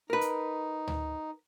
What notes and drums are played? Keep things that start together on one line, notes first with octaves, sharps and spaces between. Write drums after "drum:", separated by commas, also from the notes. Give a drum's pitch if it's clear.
D#4 A#4 B4
drum: hi-hat
drum: tom D2